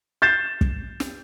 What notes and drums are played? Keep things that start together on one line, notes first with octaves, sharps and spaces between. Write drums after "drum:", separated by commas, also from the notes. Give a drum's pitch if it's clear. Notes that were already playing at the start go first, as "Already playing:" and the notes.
G6 A6 C7 E7
drum: kick
drum: snare